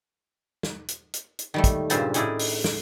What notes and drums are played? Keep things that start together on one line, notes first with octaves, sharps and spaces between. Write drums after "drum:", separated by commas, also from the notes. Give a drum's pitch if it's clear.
drum: snare
drum: hi-hat
drum: hi-hat
drum: hi-hat
D#3 G3 A3
drum: kick, hi-hat
G2 A#2 C#3 C4 C5 A5, drum: hi-hat
A2 C#4 D#4 E4 G#4 D5, drum: hi-hat
drum: open hi-hat
drum: snare